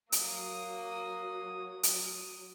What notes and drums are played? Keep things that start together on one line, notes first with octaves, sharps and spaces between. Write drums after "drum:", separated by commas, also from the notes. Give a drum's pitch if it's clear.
F#3 A#3 D#6, drum: hi-hat
drum: hi-hat